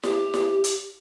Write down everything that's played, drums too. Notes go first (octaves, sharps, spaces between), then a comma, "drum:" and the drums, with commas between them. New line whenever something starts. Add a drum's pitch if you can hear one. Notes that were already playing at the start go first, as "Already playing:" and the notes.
G4, drum: snare E4
drum: snare E4
drum: hi-hat